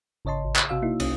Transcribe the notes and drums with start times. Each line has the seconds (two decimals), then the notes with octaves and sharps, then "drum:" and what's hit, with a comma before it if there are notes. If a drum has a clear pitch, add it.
0.25 G#1 C#3 C#5 D#5 A5 C6
0.44 A1
0.56 drum: clap
0.69 C3 F#4 F5 E6
0.82 A#3 D#4 E4
1.00 C2 C#4 D#6, drum: cymbal